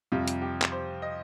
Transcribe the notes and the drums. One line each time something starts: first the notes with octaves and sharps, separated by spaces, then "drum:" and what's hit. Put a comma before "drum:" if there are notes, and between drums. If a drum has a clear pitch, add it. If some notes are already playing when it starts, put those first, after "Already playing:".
F2 C3 G3 F4
drum: hi-hat
G4
drum: clap
C5
D#5